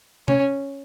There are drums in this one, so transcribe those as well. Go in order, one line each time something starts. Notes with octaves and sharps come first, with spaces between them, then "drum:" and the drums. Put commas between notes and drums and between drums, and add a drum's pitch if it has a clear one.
C#4, drum: tom